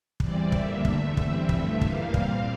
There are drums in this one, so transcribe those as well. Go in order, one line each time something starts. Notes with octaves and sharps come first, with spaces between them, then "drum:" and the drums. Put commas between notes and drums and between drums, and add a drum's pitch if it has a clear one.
E2 E3 G3 C4 D5, drum: kick
F2 D3 G3 A#3 E5, drum: kick
E2 D3 A3, drum: kick
G2 E3 G3 C4 E5, drum: kick
G2 D3 F3 A3, drum: kick
G2 E3 G3 A#3 F5, drum: kick
A#2 G3 C4, drum: kick